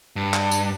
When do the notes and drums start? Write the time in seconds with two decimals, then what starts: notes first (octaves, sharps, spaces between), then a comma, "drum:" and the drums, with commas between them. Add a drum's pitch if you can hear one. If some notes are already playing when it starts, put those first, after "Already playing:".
0.16 G2
0.34 drum: clap
0.51 drum: tambourine